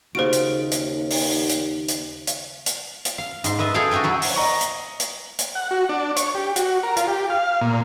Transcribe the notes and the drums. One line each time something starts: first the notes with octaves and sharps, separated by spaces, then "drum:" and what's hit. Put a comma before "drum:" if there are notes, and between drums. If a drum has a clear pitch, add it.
D#2 C#3 F4 F#4 C5 D7
drum: hi-hat
drum: hi-hat
drum: open hi-hat
drum: hi-hat
drum: hi-hat
drum: hi-hat
drum: hi-hat
drum: hi-hat
F5
G#2 C6, drum: hi-hat
B4 D#5 E5 A5
G#4 A4 E5 F5 G5 A5
F#4 D5 E5 G5 G#5
F#3 E4 G#4
drum: open hi-hat
D#5 A#5 C#6
drum: hi-hat
drum: hi-hat
drum: hi-hat
F#5
F#4
D4
C#5, drum: hi-hat
G4
F#4, drum: hi-hat
A#4
F4, drum: hi-hat
G4
F5
A#2